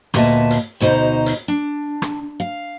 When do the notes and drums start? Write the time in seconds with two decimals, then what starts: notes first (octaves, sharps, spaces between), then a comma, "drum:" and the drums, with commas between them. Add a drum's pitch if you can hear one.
0.14 D2 A#2 B3 D#5 E5 A5, drum: rim click
0.51 drum: hi-hat
0.80 D2 B2 D#4 C5 A#5
1.26 drum: hi-hat
1.48 D4
2.02 drum: rim click
2.40 F5